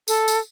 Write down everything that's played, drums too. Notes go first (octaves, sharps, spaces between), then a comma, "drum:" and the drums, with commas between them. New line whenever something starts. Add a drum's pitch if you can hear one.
A4, drum: tambourine
drum: tambourine